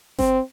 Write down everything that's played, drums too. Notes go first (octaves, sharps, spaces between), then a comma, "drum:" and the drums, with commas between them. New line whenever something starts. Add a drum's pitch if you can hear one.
C4, drum: snare G1